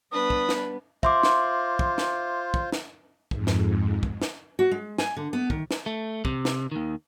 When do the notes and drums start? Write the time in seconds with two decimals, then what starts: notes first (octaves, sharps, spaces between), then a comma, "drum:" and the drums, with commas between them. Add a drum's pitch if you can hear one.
0.12 G3 B3 D4 B4 D#6
0.30 drum: kick
0.49 drum: snare
1.03 F4 C5 E5 C6 D6, drum: kick
1.23 drum: snare
1.79 drum: kick
1.98 drum: snare
2.54 drum: kick
2.72 drum: snare
3.31 F2 G#2, drum: kick
3.47 drum: snare
4.03 drum: kick
4.22 drum: snare
4.59 F#4
4.71 G#3
4.98 G#5, drum: snare
5.17 D3
5.33 B3
5.50 D#3, drum: kick
5.71 drum: snare
5.86 A3
6.25 C3, drum: kick
6.45 drum: snare
6.72 D#2 D#3